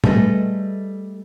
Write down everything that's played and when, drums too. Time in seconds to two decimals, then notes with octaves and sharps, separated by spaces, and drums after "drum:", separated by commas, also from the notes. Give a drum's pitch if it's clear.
0.04 G3 A3 G#4 A4 B4 D#5, drum: tom